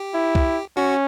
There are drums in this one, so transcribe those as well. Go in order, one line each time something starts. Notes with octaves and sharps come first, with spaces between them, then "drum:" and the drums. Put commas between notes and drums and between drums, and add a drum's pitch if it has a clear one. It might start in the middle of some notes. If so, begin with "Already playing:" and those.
Already playing: G4
E4
drum: kick C2
C#4 F#4